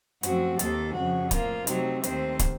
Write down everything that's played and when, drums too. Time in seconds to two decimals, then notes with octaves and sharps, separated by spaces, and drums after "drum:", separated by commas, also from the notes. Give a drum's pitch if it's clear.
0.23 F#2 F3 A3 C4 F#4, drum: hi-hat
0.59 D#2 D#3 A#3 A4, drum: hi-hat
0.95 F2 C#3 F3 F#4
1.31 A2 F3 A#3 F4, drum: kick, hi-hat
1.67 C3 F#3 A3 C4 D#4, drum: hi-hat
2.04 D#2 D#3 A3 C4 C5, drum: hi-hat
2.39 drum: kick, hi-hat